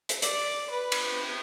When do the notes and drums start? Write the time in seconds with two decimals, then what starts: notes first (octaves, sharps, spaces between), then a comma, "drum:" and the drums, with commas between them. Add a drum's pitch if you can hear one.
0.09 drum: hi-hat
0.22 D5, drum: hi-hat
0.70 B4
0.92 drum: cymbal